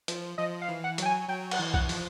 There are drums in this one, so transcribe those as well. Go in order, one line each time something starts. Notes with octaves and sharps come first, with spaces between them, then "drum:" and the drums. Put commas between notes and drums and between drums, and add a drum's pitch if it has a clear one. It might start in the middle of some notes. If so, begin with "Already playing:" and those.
F3, drum: hi-hat
F3 D#5
F5
E3
F#5
F#3 G5, drum: hi-hat
G#5
F#3 G5
F#5, drum: cymbal
E3
F#5, drum: kick B1
F3, drum: open hi-hat